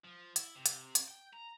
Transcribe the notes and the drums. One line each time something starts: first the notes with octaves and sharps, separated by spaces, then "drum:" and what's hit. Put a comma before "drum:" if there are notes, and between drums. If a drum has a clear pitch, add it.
F3
E4, drum: hi-hat
C3
drum: hi-hat
drum: hi-hat
G5
A#5